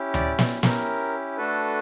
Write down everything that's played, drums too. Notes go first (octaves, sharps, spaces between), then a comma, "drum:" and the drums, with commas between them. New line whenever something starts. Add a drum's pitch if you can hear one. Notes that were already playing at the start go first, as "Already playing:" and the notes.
Already playing: C#4 E4 G4
D5, drum: tom D2
D5, drum: snare
C#4 E4 G4 A#4, drum: snare
A3 D4 F#4 A4 B4